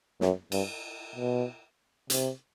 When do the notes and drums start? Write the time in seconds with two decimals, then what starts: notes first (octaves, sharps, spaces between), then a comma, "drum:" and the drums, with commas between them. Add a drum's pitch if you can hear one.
0.21 F#2, drum: snare
0.52 G2, drum: cymbal
1.15 B2
2.10 C3, drum: hi-hat